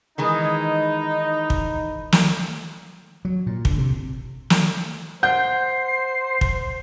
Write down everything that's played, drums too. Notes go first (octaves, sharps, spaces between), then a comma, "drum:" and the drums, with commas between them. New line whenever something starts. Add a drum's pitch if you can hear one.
D#3 E3 G#3 D#4
drum: kick
drum: snare
F#3
A#2
D3, drum: kick
C3
drum: snare
C5 F#5 G6 C7
drum: kick